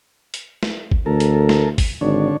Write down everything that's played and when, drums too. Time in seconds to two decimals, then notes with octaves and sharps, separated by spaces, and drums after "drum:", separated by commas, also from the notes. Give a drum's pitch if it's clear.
0.34 drum: hi-hat
0.63 drum: snare
0.91 drum: kick
1.06 D2 A4 A#4
1.20 drum: hi-hat
1.49 drum: snare
1.78 drum: kick, open hi-hat
2.01 G#1 D3 D4 C#5